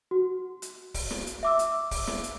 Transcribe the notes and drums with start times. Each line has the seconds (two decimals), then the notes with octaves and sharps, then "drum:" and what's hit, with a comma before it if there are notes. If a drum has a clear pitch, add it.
0.11 F#4
0.62 drum: hi-hat
0.94 drum: kick, open hi-hat
1.10 drum: snare
1.27 drum: hi-hat
1.43 E5 D6 E6
1.59 drum: hi-hat
1.91 drum: kick, open hi-hat
2.07 drum: snare
2.24 drum: hi-hat